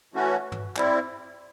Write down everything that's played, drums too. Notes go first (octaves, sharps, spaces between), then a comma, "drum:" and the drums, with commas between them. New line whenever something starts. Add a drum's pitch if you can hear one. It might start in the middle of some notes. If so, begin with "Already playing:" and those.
E3 A3 C#4 F#4
drum: tom G#2
G3 C4 E4, drum: clap